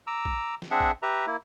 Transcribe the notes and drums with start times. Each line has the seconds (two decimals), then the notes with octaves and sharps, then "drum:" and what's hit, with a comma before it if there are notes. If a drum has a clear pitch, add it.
0.07 A#5 D6 E6
0.25 drum: kick
0.62 drum: snare
0.71 C4 D4 G#4 E5 F#5
0.80 drum: kick
1.02 G4 B4 E5 A#5
1.27 A#3 E4